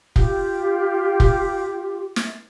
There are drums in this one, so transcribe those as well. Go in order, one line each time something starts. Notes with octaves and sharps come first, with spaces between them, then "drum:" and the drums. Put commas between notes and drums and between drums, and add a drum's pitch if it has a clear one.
F4 G4, drum: kick
drum: kick
drum: snare